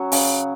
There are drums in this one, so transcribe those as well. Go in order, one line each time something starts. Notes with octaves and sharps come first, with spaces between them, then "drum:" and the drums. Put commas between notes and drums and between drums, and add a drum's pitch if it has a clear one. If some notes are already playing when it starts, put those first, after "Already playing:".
Already playing: F#3 C#4 F#4
C#3, drum: open hi-hat